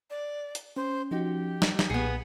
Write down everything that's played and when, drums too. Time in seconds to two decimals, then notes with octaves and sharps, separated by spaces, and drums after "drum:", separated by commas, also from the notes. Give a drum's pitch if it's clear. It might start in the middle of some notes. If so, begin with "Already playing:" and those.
0.10 D5
0.55 drum: hi-hat
0.76 C#4 C5
1.11 F3 D#4 F#4 G4
1.62 drum: snare
1.79 drum: snare
1.90 B1 A#2 B3 G#4 C#7